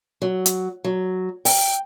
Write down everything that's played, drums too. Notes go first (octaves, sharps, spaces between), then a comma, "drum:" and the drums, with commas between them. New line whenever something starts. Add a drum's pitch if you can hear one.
F#3
drum: hi-hat
F#3
G5, drum: open hi-hat